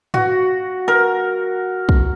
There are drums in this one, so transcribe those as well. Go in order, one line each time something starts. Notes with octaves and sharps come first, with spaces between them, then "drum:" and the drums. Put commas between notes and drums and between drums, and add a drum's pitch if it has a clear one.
F#4, drum: tom G#2
A#4
drum: kick